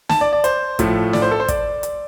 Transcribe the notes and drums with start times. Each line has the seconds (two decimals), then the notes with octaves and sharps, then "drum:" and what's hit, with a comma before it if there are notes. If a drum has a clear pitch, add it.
0.09 A5, drum: snare
0.21 D5
0.33 D5
0.44 C5, drum: hi-hat
0.79 A2 F3 A3, drum: kick, hi-hat
1.13 D5, drum: snare
1.22 C5
1.31 A4
1.40 C5
1.48 D5, drum: kick, hi-hat
1.83 drum: hi-hat